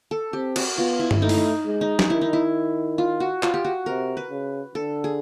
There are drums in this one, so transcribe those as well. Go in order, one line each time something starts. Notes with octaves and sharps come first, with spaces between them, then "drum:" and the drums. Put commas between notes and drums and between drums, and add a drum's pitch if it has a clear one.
A4
C4 G4
F#4, drum: cymbal
B3 F4
E4
drum: tom G2
A3 D#4
E4, drum: open hi-hat
D#4
G#3
D#4
drum: snare
D#3 E4
D#4
E4
F4
F#4
F4, drum: clap
G4
F#4
C3 A#4
B4
C#3
D3 A4
G#4